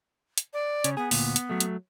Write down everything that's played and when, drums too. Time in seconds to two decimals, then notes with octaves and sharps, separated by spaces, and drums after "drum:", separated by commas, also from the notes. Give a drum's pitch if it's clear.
0.38 drum: hi-hat
0.54 D5
0.84 C#3 C#4, drum: hi-hat
0.97 B3 G#4
1.11 D2 A#2, drum: open hi-hat
1.36 drum: hi-hat
1.49 F#3 A3
1.60 drum: hi-hat